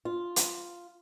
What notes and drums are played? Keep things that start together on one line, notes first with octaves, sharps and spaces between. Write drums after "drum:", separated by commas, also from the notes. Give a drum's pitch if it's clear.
F4
drum: hi-hat